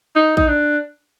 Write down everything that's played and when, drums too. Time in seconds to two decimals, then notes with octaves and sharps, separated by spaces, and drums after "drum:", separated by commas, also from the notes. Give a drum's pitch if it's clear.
0.16 D#4
0.37 D#4, drum: kick A1
0.48 D4